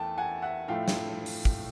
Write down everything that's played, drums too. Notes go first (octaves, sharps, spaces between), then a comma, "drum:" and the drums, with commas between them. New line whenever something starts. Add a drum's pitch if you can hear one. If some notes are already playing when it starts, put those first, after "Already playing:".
Already playing: E2 A3 G5 A5
F#5 G#5
E5 F#5
A2 F3 A3 F5 G5
drum: snare
drum: open hi-hat
drum: kick